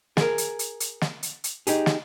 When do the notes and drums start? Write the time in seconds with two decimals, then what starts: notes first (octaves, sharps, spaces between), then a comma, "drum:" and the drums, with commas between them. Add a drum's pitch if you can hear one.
0.17 G#4 A#4, drum: snare
0.38 drum: hi-hat
0.59 drum: hi-hat
0.80 drum: hi-hat
1.01 drum: snare
1.23 drum: hi-hat
1.44 drum: hi-hat
1.67 D#4 G4 G#4, drum: hi-hat
1.86 drum: snare